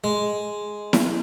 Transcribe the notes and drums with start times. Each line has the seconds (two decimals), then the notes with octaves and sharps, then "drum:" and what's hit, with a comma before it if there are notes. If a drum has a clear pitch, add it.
0.04 G#3
0.93 drum: snare E4